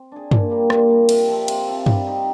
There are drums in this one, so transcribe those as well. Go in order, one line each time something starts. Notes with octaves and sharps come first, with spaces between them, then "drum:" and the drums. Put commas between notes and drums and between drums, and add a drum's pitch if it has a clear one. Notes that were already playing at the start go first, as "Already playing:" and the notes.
Already playing: C4
D4 G#4
A#2, drum: tom G2
G3 A#3
A#2, drum: rim click
G3 A#3
C3, drum: cymbal
F3 C4
C3, drum: cymbal
F3 C4
G3, drum: tom G2
C4 D#4 G4